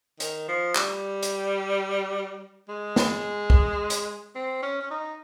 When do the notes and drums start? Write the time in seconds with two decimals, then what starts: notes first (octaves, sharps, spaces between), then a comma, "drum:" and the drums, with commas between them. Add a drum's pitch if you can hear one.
0.20 D#3, drum: hi-hat
0.48 F3
0.75 G3, drum: clap
1.23 drum: hi-hat
2.69 G#3
2.96 drum: snare
3.50 drum: kick
3.90 drum: hi-hat
4.35 C4
4.63 C#4
4.81 C#4
4.91 D#4